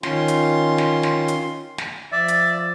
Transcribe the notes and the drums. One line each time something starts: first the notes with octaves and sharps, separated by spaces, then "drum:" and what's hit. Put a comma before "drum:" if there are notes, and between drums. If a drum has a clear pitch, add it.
D#3 C#4 F4 C6, drum: snare
drum: hi-hat
drum: snare
drum: snare
drum: hi-hat
drum: snare
F3 D5 E5
drum: hi-hat